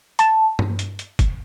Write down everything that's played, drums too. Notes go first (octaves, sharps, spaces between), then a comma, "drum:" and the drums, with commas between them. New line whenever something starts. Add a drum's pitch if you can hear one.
A5, drum: hi-hat
drum: tom G2
drum: hi-hat
drum: hi-hat
drum: kick, hi-hat